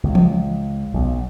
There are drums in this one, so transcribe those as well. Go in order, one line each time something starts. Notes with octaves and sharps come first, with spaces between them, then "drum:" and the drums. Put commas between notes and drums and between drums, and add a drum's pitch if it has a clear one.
C#2
drum: tom E3
B1